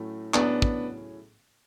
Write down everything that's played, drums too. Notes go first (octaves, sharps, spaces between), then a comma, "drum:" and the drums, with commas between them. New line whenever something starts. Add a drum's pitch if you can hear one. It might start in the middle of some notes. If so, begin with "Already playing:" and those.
Already playing: A2 F#3 A3 C#4
A2 F#3 A3 B3 C#4 D4 G#4, drum: clap
drum: kick